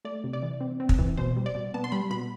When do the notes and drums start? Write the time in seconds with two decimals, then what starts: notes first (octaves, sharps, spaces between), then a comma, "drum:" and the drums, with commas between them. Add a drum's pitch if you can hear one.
0.05 A3 D5
0.24 C3
0.33 D5
0.42 E3
0.61 C4
0.80 C4
0.89 drum: kick
0.99 E3
1.17 B2 C5
1.36 G3
1.46 D5
1.55 B2
1.74 B3 A5
1.84 C6
1.92 G3 B5
2.11 B2 B5